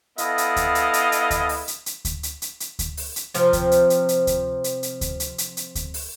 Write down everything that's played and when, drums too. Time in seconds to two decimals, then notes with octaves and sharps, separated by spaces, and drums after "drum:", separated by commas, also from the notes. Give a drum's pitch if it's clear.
0.18 B3 E4 A4 D#5 F5, drum: hi-hat
0.38 drum: hi-hat
0.56 drum: kick D2, hi-hat
0.75 drum: hi-hat
0.93 drum: hi-hat
1.12 drum: hi-hat
1.31 drum: kick D2, hi-hat
1.49 drum: open hi-hat
1.68 drum: hi-hat
1.86 drum: hi-hat
2.05 drum: kick D2, hi-hat
2.23 drum: hi-hat
2.42 drum: hi-hat
2.60 drum: hi-hat
2.79 drum: kick D2, hi-hat
2.97 drum: open hi-hat
3.16 drum: hi-hat
3.34 C3 F3, drum: hi-hat
3.53 drum: kick D2, hi-hat
3.71 drum: hi-hat
3.90 drum: hi-hat
4.09 drum: hi-hat
4.27 drum: kick D2, hi-hat
4.64 drum: hi-hat
4.83 drum: hi-hat
5.01 drum: kick D2, hi-hat
5.20 drum: hi-hat
5.38 drum: hi-hat
5.57 drum: hi-hat
5.75 drum: kick D2, hi-hat
5.94 drum: open hi-hat